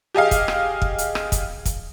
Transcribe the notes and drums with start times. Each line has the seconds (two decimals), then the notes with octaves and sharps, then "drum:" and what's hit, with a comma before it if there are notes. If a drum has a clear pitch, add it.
0.14 G4 G#4 D#5 F5
0.31 drum: kick, hi-hat
0.48 drum: rim click
0.82 drum: kick
0.98 drum: hi-hat
1.15 drum: rim click
1.32 drum: kick, hi-hat
1.66 drum: kick, hi-hat